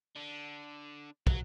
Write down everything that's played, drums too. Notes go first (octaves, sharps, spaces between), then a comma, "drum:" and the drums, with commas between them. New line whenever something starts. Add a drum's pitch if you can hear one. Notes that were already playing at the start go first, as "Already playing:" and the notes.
D3
F#3, drum: kick